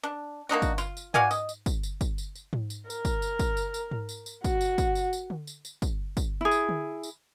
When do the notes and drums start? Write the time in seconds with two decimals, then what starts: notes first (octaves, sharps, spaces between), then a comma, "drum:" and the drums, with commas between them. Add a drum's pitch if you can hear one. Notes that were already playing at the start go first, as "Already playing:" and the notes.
0.03 D4
0.49 A#3 D4 D#4 F#4
0.62 drum: kick, tambourine
0.78 F4, drum: tambourine
0.97 drum: tambourine
1.14 F#4 D5 F5 G#5, drum: tom G#2
1.31 D#5, drum: tambourine
1.49 drum: tambourine
1.66 drum: kick, tambourine
1.83 drum: tambourine
2.01 drum: kick, tambourine
2.18 drum: tambourine
2.35 drum: tambourine
2.53 drum: tom G#2
2.70 drum: tambourine
2.90 A#4, drum: tambourine
3.05 drum: kick, tambourine
3.22 drum: tambourine
3.39 drum: kick, tambourine
3.57 drum: tambourine
3.74 drum: tambourine
3.91 drum: tom G#2
4.09 drum: tambourine
4.26 drum: tambourine
4.44 F#4, drum: kick, tambourine
4.61 drum: tambourine
4.78 drum: kick, tambourine
4.95 drum: tambourine
5.13 drum: tambourine
5.30 drum: tom D3
5.47 drum: tambourine
5.65 drum: tambourine
5.82 drum: kick, tambourine
6.17 drum: kick, tambourine
6.41 E4 G#4
6.51 drum: tambourine
6.69 drum: tom D3
7.03 drum: tambourine